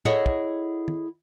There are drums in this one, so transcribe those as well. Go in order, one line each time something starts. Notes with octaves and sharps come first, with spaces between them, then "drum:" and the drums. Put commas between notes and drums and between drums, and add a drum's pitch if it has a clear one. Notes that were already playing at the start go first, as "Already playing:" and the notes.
E4 G#4 A4 C#5 D#5 F#5, drum: tom
drum: kick
drum: tom